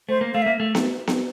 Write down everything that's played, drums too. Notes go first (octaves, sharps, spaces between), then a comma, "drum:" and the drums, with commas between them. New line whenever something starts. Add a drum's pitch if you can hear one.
A3 C5
A#3
A3 F5
A#3 E5
A3
drum: snare B3
drum: snare B3